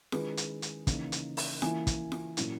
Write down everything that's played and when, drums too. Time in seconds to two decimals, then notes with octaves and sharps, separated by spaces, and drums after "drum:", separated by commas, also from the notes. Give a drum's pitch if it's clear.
0.12 D#3 G#3 C#4 E4 G#4 B4, drum: snare F4
0.37 drum: hi-hat
0.62 drum: hi-hat
0.87 C#3 E3 A#3 D#4, drum: kick, hi-hat
1.12 drum: hi-hat
1.37 drum: open hi-hat
1.62 E3 A#3 C#4 E4 E5 G#5, drum: snare F4
1.87 drum: kick, hi-hat
2.12 drum: snare F4
2.37 A#2 F#3 C#4 E4, drum: hi-hat